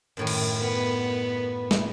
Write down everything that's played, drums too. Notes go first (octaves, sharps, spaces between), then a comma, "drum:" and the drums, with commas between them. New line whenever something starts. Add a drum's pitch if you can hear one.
F#2 A2 D#3
drum: cymbal
B3
drum: snare